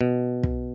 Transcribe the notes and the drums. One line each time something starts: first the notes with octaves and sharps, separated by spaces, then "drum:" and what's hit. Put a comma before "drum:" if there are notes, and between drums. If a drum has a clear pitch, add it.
B2
drum: kick